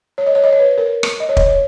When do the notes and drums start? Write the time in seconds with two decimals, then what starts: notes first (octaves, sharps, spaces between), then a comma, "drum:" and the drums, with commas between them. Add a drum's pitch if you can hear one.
0.18 C#5
0.27 D#5
0.35 C#5
0.44 D#5
0.52 C#5
0.60 B4
0.78 A#4
1.03 drum: rim click
1.20 D#5
1.29 C#5
1.37 D#5, drum: kick
1.46 C#5